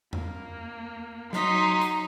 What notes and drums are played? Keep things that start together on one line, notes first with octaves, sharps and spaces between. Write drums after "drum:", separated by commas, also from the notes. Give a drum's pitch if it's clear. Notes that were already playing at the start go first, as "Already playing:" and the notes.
A#3, drum: tom E2
F#3 D#4 C6 B6, drum: snare
drum: hi-hat